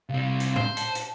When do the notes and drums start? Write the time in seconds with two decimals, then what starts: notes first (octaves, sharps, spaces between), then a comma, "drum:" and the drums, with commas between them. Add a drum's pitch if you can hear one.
0.09 C2 C4 F5
0.40 drum: hi-hat
0.56 C5, drum: tom A2
0.77 A5, drum: hi-hat
0.95 drum: hi-hat